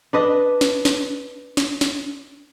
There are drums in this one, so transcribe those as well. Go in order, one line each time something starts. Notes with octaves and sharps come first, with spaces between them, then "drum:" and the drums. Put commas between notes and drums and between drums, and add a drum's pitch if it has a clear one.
D4 B4 D#5
drum: snare
drum: snare
drum: snare
drum: snare